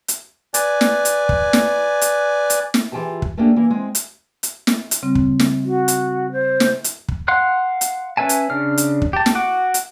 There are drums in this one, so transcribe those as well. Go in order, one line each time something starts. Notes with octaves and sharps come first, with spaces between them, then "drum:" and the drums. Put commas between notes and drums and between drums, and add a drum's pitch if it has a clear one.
drum: hi-hat
B4 D5 G#5, drum: hi-hat
drum: snare
drum: hi-hat
drum: kick
drum: snare
drum: hi-hat
drum: hi-hat
drum: snare
E3 F4 G4 G#4 A5
drum: kick
A3 A#3 C#4 D4 G4
E3 A#3
G#3 C4
drum: hi-hat
drum: hi-hat
drum: snare
drum: hi-hat
C#3 G3 C4
drum: kick
drum: snare
F#4
drum: hi-hat
C5
drum: snare
drum: hi-hat
drum: kick
F5 F#5 C6 F#6
drum: hi-hat
C#4 B4 E5 G#5 A5
drum: hi-hat
C#3 D4 F6
drum: hi-hat
drum: kick
G4 A5
drum: snare
F#4 F#5 D6
drum: hi-hat